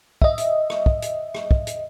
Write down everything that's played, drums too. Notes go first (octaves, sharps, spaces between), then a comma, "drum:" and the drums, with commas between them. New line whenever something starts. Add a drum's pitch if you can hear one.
D#5 E5, drum: kick
drum: hi-hat
drum: rim click
drum: kick
drum: hi-hat
drum: rim click
drum: kick
drum: hi-hat